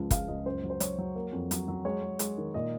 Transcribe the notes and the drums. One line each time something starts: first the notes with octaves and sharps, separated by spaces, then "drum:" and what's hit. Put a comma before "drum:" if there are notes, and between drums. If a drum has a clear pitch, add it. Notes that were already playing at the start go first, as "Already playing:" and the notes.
Already playing: C#2 F3
G#3 F5, drum: kick, hi-hat
C#2 D#5
F#2 C5
F#3
C5
F#3 C#5, drum: hi-hat
F#3
A#3
F2
F#3, drum: hi-hat
F#3
G#3 C#5
G#3
G#3, drum: hi-hat
D#3
A#2 D#5